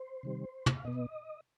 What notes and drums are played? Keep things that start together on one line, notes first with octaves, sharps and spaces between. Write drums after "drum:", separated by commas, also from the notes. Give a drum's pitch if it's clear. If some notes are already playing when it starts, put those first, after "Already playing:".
Already playing: C5
C3 D#3 G3
drum: tom
F5
B2 B3 D#5